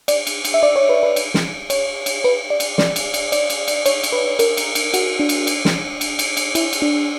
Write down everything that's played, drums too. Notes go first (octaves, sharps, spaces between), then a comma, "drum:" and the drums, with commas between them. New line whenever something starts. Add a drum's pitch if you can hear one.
D5, drum: cymbal
drum: cymbal
drum: cymbal
E5
D5
C#5
B4
B4
drum: cymbal
drum: snare
C#5, drum: cymbal
drum: cymbal
B4
D5
drum: cymbal
D5, drum: snare
drum: cymbal
drum: cymbal
D5, drum: cymbal
drum: cymbal
drum: cymbal
C#5, drum: cymbal
drum: cymbal
B4
A#4, drum: cymbal
drum: cymbal
drum: cymbal
F#4, drum: cymbal
D4
drum: cymbal
drum: cymbal
drum: snare
drum: cymbal
drum: cymbal
drum: cymbal
E4, drum: cymbal
drum: cymbal
D4